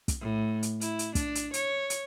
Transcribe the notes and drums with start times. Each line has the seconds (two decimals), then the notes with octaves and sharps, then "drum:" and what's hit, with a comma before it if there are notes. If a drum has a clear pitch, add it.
0.08 drum: kick, hi-hat
0.21 A2
0.63 drum: hi-hat
0.81 E4, drum: hi-hat
0.99 drum: hi-hat
1.15 D4, drum: kick, hi-hat
1.35 drum: hi-hat
1.54 C#5, drum: hi-hat
1.90 drum: hi-hat